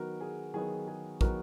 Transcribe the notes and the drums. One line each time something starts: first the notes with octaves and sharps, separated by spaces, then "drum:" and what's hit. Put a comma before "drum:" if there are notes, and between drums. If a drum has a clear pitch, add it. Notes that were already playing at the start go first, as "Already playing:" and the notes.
Already playing: D#3 F#3 B3 F#4 A#4
G#4
D#3 F#3 B3 G#4
G#4
D#3 F#3 B3 F#4 A#4, drum: kick